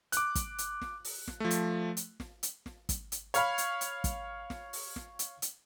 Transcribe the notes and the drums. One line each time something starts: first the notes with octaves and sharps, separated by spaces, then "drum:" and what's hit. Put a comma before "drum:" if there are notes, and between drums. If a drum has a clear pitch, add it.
D6 F#6, drum: hi-hat
drum: kick, hi-hat
drum: hi-hat
drum: snare
drum: open hi-hat
drum: snare
F3 A3
drum: hi-hat
drum: hi-hat
drum: snare
drum: hi-hat
drum: snare
drum: kick, hi-hat
drum: hi-hat
C#5 F5 B5, drum: hi-hat
drum: hi-hat
drum: hi-hat
drum: kick, hi-hat
drum: snare
drum: open hi-hat
drum: snare
drum: hi-hat
drum: hi-hat